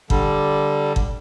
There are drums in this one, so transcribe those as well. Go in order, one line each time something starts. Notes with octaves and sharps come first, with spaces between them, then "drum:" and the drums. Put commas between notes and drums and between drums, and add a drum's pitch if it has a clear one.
D3 G3, drum: kick G1
drum: kick G1